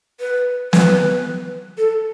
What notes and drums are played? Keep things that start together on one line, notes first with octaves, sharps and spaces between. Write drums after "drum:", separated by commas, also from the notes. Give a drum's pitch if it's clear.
B4
B4, drum: snare
A4